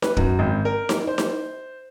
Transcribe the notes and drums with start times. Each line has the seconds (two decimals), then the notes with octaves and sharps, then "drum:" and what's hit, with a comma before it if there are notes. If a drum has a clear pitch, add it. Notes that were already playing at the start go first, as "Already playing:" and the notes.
0.02 B4, drum: snare D#4
0.17 F#2, drum: kick
0.39 G#1
0.65 A#4
0.89 drum: snare D#4
1.07 C5
1.18 drum: snare D#4